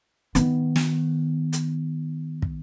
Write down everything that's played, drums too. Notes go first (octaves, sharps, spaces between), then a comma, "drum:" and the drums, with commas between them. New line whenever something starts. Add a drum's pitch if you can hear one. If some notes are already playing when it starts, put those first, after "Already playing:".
D#3 B3, drum: hi-hat
drum: snare
drum: hi-hat
drum: kick